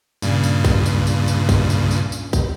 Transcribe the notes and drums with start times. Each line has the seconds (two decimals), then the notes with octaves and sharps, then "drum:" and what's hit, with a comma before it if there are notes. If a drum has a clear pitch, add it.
0.22 G2 A#2 C#3, drum: tambourine
0.43 drum: tambourine
0.65 drum: kick, tambourine
0.86 drum: tambourine
1.07 drum: tambourine
1.28 drum: tambourine
1.49 drum: kick, tambourine
1.70 drum: tambourine
1.91 drum: tambourine
2.12 drum: tambourine
2.33 drum: kick, tambourine